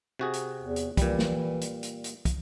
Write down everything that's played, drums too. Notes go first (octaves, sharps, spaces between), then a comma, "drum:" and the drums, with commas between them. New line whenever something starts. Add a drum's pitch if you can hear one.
C3 F#4 G#4
drum: hi-hat
E2
drum: hi-hat
A#2 E3 G3, drum: kick, hi-hat
drum: snare
drum: hi-hat
drum: hi-hat
drum: hi-hat
drum: kick, hi-hat